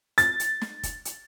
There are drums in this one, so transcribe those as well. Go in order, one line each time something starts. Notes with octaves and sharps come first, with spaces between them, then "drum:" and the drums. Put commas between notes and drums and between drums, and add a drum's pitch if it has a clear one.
A6, drum: hi-hat
drum: hi-hat
drum: snare
drum: kick, hi-hat
drum: hi-hat